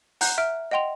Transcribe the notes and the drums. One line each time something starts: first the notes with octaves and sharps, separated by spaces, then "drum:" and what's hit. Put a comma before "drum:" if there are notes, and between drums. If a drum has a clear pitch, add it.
F#5 A#5 F#6 G6, drum: open hi-hat
E5 F6 D7
D#5 F#5 G5 C6 F7